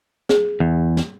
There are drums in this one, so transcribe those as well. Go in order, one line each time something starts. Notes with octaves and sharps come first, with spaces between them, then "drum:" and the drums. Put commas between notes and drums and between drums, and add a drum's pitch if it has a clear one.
G#4, drum: snare
E2
drum: snare